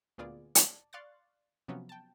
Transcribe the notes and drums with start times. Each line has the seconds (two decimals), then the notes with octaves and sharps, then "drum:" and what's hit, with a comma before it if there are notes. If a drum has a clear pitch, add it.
0.18 D2 A#2 B3 F4 G#4 D5
0.55 D5 A5, drum: hi-hat
0.93 D5 F5 C6 C#6 F#6 A6
1.68 C3 F3 F#3 B3 C#4
1.89 G5 A5